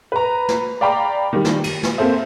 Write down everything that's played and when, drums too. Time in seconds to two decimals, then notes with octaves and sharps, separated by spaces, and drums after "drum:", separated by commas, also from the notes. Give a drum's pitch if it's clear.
0.12 B4 A#5
0.48 drum: snare
0.81 D5 F5 G5 A#5 B5 D6
1.33 D#3 G3
1.45 drum: snare
1.64 D#7, drum: cymbal
1.83 drum: snare
1.98 A#3 C4 A4 C5 E5